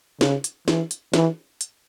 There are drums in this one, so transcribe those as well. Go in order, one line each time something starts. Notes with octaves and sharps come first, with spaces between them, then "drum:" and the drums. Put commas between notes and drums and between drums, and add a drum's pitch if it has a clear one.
C#3, drum: snare
drum: hi-hat
E3, drum: snare
drum: hi-hat
E3, drum: snare
drum: hi-hat